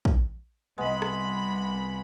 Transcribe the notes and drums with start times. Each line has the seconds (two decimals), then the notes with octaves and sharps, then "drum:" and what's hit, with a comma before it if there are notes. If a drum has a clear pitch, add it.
0.05 drum: kick
0.78 C2 G#3 B3 B5
1.02 drum: rim click